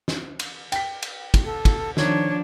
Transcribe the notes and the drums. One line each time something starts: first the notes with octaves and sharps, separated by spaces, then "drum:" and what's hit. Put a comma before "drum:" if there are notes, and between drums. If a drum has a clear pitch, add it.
drum: snare
drum: cymbal
G5 B6, drum: cymbal
drum: cymbal
drum: kick, cymbal
A4
drum: kick, cymbal
D#3 F3 D4 C#5, drum: snare